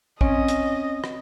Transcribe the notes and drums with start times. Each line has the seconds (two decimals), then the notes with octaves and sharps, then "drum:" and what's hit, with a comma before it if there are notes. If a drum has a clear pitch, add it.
0.21 C4 C#4 D#5, drum: kick
0.48 drum: hi-hat
1.04 drum: rim click